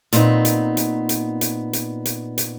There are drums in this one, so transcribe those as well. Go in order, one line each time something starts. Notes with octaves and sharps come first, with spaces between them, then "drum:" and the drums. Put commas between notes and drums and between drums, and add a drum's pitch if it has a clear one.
A#2 B3 C4 D#4, drum: hi-hat
drum: hi-hat
drum: hi-hat
drum: hi-hat
drum: hi-hat
drum: hi-hat
drum: hi-hat
drum: hi-hat